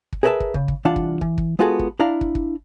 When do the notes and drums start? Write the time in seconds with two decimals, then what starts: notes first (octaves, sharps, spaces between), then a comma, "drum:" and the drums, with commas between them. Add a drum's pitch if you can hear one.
0.13 drum: kick
0.23 G#4 A#4 B4 C#5 E5 A5
0.40 drum: kick
0.54 C#3, drum: kick
0.68 drum: kick
0.85 C2 E3 D4 F4 F#5 A5
0.96 drum: kick
1.21 E3, drum: kick
1.38 drum: kick
1.59 G#3 B3 F4 F#4 G#4 A4
1.79 drum: kick
1.99 D4 E4 D5 F5 A#5
2.21 drum: kick
2.35 drum: kick